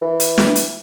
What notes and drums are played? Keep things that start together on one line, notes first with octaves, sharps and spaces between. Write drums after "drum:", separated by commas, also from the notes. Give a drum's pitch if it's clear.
E3
drum: hi-hat
drum: snare
drum: hi-hat